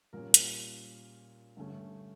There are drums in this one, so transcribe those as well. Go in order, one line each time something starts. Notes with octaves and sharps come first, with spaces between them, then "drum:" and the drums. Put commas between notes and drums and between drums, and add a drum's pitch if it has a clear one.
A#2 G3 C#4 A#4
drum: hi-hat
G2 D3 A3 C#4